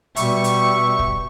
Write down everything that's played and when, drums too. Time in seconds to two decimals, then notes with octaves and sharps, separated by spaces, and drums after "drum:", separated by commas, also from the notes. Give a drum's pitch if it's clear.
0.16 B2 G3 E5 C#6, drum: hi-hat
0.44 drum: hi-hat
0.99 drum: kick